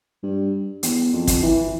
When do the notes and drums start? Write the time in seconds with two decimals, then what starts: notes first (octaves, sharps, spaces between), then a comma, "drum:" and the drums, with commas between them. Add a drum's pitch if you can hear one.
0.23 G2
0.83 E2, drum: hi-hat
1.13 F2
1.27 drum: kick, hi-hat
1.43 E3